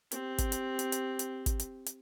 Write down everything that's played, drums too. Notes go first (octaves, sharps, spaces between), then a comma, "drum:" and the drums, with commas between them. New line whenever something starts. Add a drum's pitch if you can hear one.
C4 G4, drum: hi-hat
drum: kick, hi-hat
drum: hi-hat
drum: hi-hat
drum: hi-hat
drum: hi-hat
drum: kick, hi-hat
drum: hi-hat
drum: hi-hat